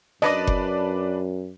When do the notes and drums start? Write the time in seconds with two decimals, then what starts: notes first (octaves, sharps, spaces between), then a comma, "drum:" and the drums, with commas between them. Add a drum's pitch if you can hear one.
0.22 F#2 D4 B4 D5 D#5, drum: rim click
0.47 drum: kick F#1